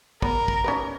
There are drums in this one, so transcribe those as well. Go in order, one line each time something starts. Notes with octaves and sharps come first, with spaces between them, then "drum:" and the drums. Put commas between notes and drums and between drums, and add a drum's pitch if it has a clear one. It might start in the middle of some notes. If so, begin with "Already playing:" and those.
B3 A#4, drum: kick
drum: kick
C#4 D#4 B4